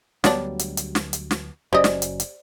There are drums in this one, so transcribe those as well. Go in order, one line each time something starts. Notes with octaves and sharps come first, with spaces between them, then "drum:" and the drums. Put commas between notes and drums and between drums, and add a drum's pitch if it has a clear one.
D2 F#3 G3 B3 D4 C#5, drum: snare
drum: hi-hat
drum: hi-hat
drum: snare
drum: hi-hat
drum: snare
F#1 F#3 C#4 G4 C5 D5 D#5
drum: snare
drum: hi-hat
drum: hi-hat